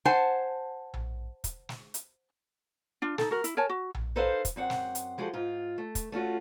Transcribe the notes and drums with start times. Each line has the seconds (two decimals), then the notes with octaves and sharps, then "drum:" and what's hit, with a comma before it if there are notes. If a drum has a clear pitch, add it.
0.05 C5 F#5 G#5 A5
0.94 drum: tom A#1
1.44 drum: kick, hi-hat
1.69 drum: snare
1.94 drum: hi-hat
3.02 D4 F4
3.18 D#4 A4, drum: snare
3.31 F#4 A#4
3.44 E4, drum: hi-hat
3.57 A#4 C#5 G#5 A5
3.69 F#4
3.95 drum: tom A#1
4.16 D#4 A4 B4 C5 F5
4.45 drum: kick, hi-hat
4.56 F#2 C4 F#5
4.70 drum: snare
4.95 drum: hi-hat
5.18 F3 G#3 F#4 G4 A4
5.34 G#2 F4
5.78 A3
5.95 drum: kick, hi-hat
6.12 A3 C#4 F4 F#4